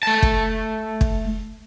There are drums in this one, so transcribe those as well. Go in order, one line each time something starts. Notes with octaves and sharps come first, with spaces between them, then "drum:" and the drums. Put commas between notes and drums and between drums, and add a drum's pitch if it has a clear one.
A3 A5
drum: kick
drum: kick